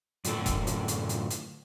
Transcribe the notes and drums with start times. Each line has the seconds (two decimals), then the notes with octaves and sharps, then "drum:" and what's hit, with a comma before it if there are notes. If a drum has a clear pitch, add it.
0.25 F#2 A2 D3 A4 A#4, drum: hi-hat
0.46 drum: kick E1, hi-hat
0.67 drum: hi-hat
0.88 drum: hi-hat
1.09 drum: hi-hat
1.30 drum: hi-hat